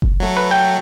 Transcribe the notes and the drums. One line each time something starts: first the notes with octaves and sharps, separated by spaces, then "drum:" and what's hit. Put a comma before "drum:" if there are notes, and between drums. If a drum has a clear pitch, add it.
drum: kick F#1
F#3 A3
B4
G5